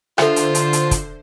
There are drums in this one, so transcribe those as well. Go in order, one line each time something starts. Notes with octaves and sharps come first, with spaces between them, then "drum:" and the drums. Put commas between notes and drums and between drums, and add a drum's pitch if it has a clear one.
D3 F4 A4 C5 E5, drum: rim click
drum: hi-hat
drum: hi-hat
drum: hi-hat
drum: kick, hi-hat